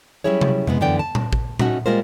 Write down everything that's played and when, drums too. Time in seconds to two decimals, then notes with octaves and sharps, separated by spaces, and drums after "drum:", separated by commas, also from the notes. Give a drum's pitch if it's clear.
0.24 F#3 G3 C#4 E4 G#4 C#5
0.41 drum: tom C3
0.67 C3 G#3 B3, drum: tom F2
0.81 F#2 D3 E3 B3 D5 G5
0.99 A5
1.15 drum: tom A#2
1.33 drum: kick A1
1.59 A3 C#4 D#4 F#4, drum: tom A#2
1.86 G3 G#3 A#3 F4 A#4 C5